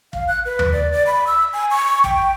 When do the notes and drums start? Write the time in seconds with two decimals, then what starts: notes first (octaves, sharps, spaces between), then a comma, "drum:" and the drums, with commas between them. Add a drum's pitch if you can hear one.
0.13 F5, drum: kick
0.28 F#6
0.45 B4
0.59 drum: tom D#2
0.73 D5
0.92 D5
1.07 B5
1.27 E6
1.53 G#5
1.71 C#6
2.04 G5, drum: kick